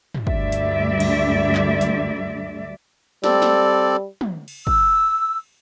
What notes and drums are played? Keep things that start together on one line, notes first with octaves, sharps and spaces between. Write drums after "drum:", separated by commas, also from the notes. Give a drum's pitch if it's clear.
drum: tom
D2 G2 D3 G3 D5 E5, drum: kick
drum: hi-hat
drum: cymbal
drum: clap
drum: hi-hat
G3 C4 A4 D5, drum: snare
drum: snare
drum: tom
drum: cymbal
E6, drum: kick